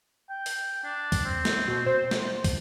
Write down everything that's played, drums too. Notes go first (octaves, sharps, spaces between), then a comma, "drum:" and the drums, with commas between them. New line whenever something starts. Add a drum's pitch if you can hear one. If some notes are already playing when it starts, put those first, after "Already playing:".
G5
drum: open hi-hat
D4
drum: kick, open hi-hat
C4
drum: snare
B2
C5
drum: snare
drum: kick, open hi-hat